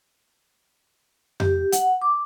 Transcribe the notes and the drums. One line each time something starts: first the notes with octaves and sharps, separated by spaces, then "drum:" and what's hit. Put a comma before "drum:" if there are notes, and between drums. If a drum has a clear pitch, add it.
G4, drum: tom F2
F#5, drum: hi-hat
D6